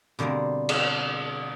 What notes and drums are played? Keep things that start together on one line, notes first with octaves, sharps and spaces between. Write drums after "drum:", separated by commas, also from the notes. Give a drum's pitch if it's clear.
B2 D3 G3 A#3 C4
drum: cymbal